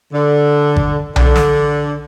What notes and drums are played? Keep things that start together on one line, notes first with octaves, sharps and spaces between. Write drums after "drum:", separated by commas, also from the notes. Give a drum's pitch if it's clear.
D3
drum: kick G#1
D3, drum: tom B1
drum: snare